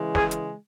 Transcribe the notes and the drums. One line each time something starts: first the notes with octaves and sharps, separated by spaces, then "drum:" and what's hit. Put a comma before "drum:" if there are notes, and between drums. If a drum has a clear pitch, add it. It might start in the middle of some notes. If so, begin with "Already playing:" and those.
Already playing: C#3 E3 G#3
G#4, drum: snare
drum: hi-hat